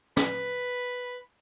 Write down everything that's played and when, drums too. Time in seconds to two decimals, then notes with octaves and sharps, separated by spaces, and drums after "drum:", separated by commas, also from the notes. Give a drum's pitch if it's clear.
0.17 B4, drum: snare